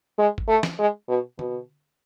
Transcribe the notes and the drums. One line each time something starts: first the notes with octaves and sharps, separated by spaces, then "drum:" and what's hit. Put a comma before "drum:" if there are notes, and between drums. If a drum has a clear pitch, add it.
G#3
drum: kick
A3
drum: snare
G#3
B2
B2, drum: tom D3